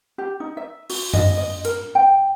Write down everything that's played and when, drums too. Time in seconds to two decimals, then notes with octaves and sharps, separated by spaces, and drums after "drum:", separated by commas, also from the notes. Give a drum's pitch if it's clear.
0.18 G4
0.40 D#4
0.57 E5
0.90 F#4, drum: open hi-hat
1.13 D#5, drum: tom F#2
1.37 D#5
1.65 A#4, drum: hi-hat
1.95 G5